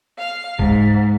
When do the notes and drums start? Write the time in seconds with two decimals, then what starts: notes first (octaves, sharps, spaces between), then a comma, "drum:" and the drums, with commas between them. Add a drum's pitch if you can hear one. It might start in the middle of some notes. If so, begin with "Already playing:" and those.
0.18 F5
0.59 G#2, drum: kick B1